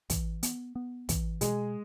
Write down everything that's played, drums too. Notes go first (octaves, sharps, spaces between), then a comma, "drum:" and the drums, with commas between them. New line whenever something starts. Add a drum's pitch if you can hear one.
E3, drum: kick, hi-hat
B3, drum: hi-hat
B3
E3, drum: kick, hi-hat
B2 G#3 G#4, drum: hi-hat